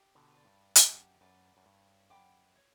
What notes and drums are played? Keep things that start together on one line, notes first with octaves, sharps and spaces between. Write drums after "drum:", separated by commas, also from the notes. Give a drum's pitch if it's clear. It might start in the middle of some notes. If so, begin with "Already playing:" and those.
Already playing: G4
B2 D3
B4 D5
G2
F#2 G4, drum: hi-hat
F#2 B4 D5
F#2
G2 C#5
F#2 G5 B5 D6
C#5